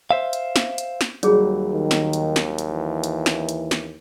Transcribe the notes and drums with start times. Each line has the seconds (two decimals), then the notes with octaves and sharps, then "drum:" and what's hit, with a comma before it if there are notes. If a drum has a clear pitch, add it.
0.11 C5 E5 F5
0.33 drum: hi-hat
0.56 drum: snare
0.78 drum: hi-hat
1.01 drum: snare
1.23 D#2 F#3 G3 G#4 C#5, drum: hi-hat
1.74 D#3
1.91 drum: snare
2.13 drum: hi-hat
2.36 drum: snare
2.58 drum: hi-hat
2.71 E3
3.04 drum: hi-hat
3.26 drum: snare
3.49 drum: hi-hat
3.71 drum: snare